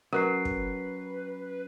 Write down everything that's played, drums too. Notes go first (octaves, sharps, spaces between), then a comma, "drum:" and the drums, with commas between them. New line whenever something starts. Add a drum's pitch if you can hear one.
F#3 C#4 A#4 B4 F#6 C7
drum: kick